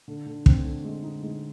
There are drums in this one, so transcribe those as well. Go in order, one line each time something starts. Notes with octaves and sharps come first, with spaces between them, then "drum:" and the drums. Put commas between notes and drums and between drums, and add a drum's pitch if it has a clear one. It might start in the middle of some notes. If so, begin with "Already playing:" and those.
D3
D3
C4, drum: kick
D3
G#3
D#4
G#3